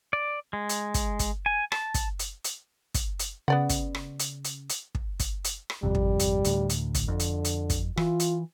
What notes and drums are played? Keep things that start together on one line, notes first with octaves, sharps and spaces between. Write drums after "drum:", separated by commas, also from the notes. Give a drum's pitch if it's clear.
D5
G#3
drum: hi-hat
drum: kick, hi-hat
drum: kick, hi-hat
G#5
A5, drum: rim click
drum: kick, hi-hat
drum: hi-hat
drum: hi-hat
drum: kick, hi-hat
drum: hi-hat
C#3 B3 D5 F#5
drum: kick, hi-hat
drum: rim click
drum: hi-hat
drum: hi-hat
drum: hi-hat
drum: kick
drum: kick, hi-hat
drum: hi-hat
drum: rim click
G#1 F2 C3 G3
drum: kick
drum: hi-hat
D2 A2, drum: hi-hat
drum: hi-hat
drum: kick, hi-hat
F2 D3
drum: hi-hat
drum: hi-hat
drum: kick, hi-hat
E3 F4, drum: rim click
drum: hi-hat